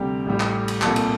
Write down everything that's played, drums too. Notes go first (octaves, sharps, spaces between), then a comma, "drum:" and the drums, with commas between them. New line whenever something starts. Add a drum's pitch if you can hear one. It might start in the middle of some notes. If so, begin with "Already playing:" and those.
Already playing: D2 C3 G3 G4
A1 A2 G3
drum: clap
drum: cymbal
C2 A#2 G3 A4, drum: clap
drum: cymbal